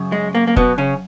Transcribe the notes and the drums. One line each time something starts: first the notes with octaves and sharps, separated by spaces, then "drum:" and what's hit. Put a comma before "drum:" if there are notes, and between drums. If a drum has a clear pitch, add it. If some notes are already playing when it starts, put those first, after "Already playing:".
Already playing: F#2 C#3
G#3
A#3
A#3
B2 B3, drum: kick F1
C#3 C#4